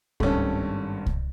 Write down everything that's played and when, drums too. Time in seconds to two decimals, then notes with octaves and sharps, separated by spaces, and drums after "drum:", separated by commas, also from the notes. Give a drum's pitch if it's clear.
0.20 G#1 G2 A3 C#4, drum: kick C2
1.06 drum: kick C2